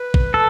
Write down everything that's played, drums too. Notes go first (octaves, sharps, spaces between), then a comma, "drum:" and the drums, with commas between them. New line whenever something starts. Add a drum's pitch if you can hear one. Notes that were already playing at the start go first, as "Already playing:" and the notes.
Already playing: B4
drum: kick A1
A4